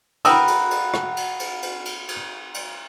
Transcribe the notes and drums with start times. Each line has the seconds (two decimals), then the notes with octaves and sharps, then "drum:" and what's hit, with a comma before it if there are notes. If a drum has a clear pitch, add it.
0.25 F#4 A#4 B4 G5 D#6 E6, drum: cymbal
0.48 drum: cymbal
0.71 drum: cymbal
0.94 drum: rim click
1.17 drum: cymbal
1.40 drum: cymbal
1.62 drum: cymbal
1.85 drum: cymbal
2.08 drum: cymbal
2.54 drum: cymbal